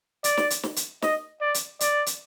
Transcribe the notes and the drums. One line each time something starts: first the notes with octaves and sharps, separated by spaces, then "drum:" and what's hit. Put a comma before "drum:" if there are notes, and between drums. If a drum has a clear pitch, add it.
D5, drum: hi-hat
drum: snare
drum: hi-hat
drum: snare
drum: hi-hat
D#5, drum: snare
D5
drum: hi-hat
D5, drum: hi-hat
drum: hi-hat